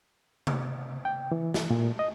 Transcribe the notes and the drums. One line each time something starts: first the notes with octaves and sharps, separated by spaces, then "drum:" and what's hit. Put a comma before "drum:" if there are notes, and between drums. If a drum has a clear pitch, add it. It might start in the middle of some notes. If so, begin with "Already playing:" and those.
drum: tom C3
G5
E3
drum: snare
A#2
D#5